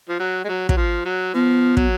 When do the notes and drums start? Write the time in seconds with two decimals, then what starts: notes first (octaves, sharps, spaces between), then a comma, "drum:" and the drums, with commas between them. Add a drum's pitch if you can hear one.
0.09 F3
0.19 F#3
0.44 G#3
0.49 F#3
0.69 F#3, drum: kick
0.77 F3
1.05 F#3
1.34 F3 B3
1.77 F#3, drum: kick